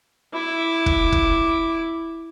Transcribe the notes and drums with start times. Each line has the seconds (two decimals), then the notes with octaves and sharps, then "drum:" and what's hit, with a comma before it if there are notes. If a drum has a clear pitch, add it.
0.34 E4 D6
0.86 drum: kick
1.12 drum: kick